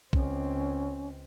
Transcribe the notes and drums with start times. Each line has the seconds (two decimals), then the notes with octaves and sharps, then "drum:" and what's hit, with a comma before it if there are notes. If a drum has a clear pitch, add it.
0.13 C#2 C4 C#4, drum: kick